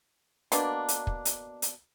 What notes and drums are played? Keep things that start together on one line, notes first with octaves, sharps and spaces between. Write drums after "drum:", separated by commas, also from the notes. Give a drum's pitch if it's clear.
B2 A#3 D4, drum: hi-hat
drum: hi-hat
drum: kick
drum: hi-hat
drum: hi-hat